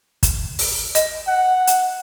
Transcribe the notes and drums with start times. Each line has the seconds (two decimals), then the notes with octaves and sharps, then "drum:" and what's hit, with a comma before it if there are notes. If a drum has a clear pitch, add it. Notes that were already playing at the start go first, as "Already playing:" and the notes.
0.23 drum: kick, hi-hat
0.59 drum: open hi-hat
0.95 D#5, drum: hi-hat
1.27 F#5
1.67 drum: hi-hat